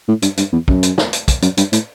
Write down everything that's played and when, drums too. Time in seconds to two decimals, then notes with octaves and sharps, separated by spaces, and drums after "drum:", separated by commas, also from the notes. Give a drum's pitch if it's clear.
0.08 A2
0.22 G2, drum: hi-hat
0.37 G2, drum: hi-hat
0.52 E2
0.68 F#2, drum: kick
0.83 drum: hi-hat
0.98 drum: snare
1.13 drum: hi-hat
1.28 drum: kick, hi-hat
1.42 F#2, drum: hi-hat
1.57 G2, drum: hi-hat
1.73 A2, drum: hi-hat